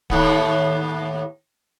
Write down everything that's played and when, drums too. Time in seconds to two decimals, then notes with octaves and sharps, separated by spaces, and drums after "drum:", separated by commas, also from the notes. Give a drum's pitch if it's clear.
0.10 D#2 A2 B3, drum: kick D1